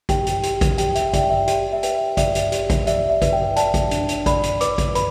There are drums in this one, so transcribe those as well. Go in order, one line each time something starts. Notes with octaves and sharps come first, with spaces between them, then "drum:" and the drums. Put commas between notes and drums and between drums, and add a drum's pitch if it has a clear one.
G4 G5, drum: kick G#1, hi-hat
drum: hi-hat
G4, drum: hi-hat
drum: kick G#1, hi-hat
G4 G5, drum: hi-hat
E5, drum: hi-hat
D5 G5, drum: kick G#1, hi-hat
E5
G4, drum: hi-hat
E5
B4 G5, drum: hi-hat
D5 E5, drum: kick G#1, hi-hat
drum: hi-hat
G4, drum: hi-hat
drum: kick G#1, hi-hat
D5 E5, drum: hi-hat
E5
B4, drum: kick G#1, hi-hat
G5
D5 A5, drum: hi-hat
drum: kick G#1, hi-hat
D4, drum: hi-hat
drum: hi-hat
D5 B5, drum: kick G#1, hi-hat
drum: hi-hat
B4 D6, drum: hi-hat
drum: kick G#1, hi-hat
B4 B5, drum: hi-hat